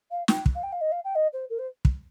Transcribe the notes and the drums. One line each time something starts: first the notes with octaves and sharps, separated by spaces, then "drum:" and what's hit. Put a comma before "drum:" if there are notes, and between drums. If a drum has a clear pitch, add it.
F5
G5, drum: snare
drum: kick
F5
G5
F5
D#5
F5
G5
D#5
C5
A#4
C5
drum: kick